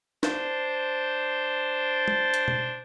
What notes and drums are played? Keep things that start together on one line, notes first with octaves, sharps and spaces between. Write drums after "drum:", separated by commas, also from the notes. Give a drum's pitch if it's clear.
D4 C5, drum: snare
drum: tom
drum: hi-hat
drum: tom B2